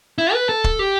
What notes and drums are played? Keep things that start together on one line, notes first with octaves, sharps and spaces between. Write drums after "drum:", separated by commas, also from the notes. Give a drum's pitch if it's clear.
E4
B4
A4
drum: kick
G4